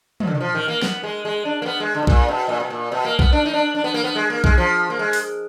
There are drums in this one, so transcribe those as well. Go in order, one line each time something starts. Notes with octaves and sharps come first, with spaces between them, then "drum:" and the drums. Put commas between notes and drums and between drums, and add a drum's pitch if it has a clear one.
B2, drum: tom
D3
D#3
F3
D#3
A#3
B3, drum: snare
G#3
G#3
D4
A#3
B3
G#3
D3
B2
A#2, drum: kick B1
B2
A#2
B2
A#2
B2
A#3
B3, drum: kick B1
D4
D#4
D4
D4
B3
A#3
B3
G#3
A#3
G#3, drum: kick B1
F3
A#3
G#3
drum: open hi-hat